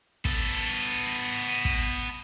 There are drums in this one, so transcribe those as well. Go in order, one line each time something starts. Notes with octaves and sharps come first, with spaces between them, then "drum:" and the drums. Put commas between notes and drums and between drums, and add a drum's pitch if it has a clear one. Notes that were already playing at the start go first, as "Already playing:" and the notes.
B3 A4, drum: kick
drum: kick